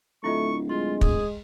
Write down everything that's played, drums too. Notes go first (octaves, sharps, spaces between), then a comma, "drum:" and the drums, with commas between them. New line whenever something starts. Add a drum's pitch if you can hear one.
D1 A3 E4 F4 D#5 C#6
G#3 F4 C6
G#4, drum: kick